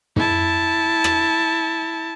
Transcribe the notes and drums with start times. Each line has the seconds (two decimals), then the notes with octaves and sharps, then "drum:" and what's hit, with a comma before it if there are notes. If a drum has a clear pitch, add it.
0.16 E4 A5, drum: tom
1.04 drum: rim click